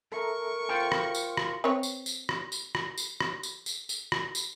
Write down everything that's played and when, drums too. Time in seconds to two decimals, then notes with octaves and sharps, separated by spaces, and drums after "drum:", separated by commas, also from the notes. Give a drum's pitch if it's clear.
0.12 A4 A#4 E5 A#5 C#6
0.69 F4 C5 G5
0.92 drum: rim click
1.15 drum: tambourine
1.37 drum: rim click
1.64 C4 B4 C#5
1.83 drum: tambourine
2.06 drum: tambourine
2.29 drum: rim click
2.52 drum: tambourine
2.75 drum: rim click
2.98 drum: tambourine
3.20 drum: rim click
3.43 drum: tambourine
3.66 drum: tambourine
3.89 drum: tambourine
4.12 drum: rim click
4.35 drum: tambourine